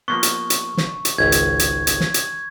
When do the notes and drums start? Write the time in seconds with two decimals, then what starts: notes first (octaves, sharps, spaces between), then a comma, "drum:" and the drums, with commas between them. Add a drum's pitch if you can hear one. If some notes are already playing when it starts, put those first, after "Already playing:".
0.08 F3 A#3 B3 C#6
0.23 drum: hi-hat
0.50 drum: hi-hat
0.77 drum: snare
1.05 drum: hi-hat
1.18 G#1 C#2 G#6
1.32 drum: hi-hat
1.59 drum: hi-hat
1.87 drum: hi-hat
2.01 drum: snare
2.14 drum: hi-hat